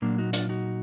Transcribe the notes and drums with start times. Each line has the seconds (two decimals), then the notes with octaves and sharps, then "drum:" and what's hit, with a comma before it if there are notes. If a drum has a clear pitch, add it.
0.02 A#2 F#3 A#3 D4
0.18 D#4 F#4
0.33 D4 F4, drum: hi-hat
0.49 D#4 F#4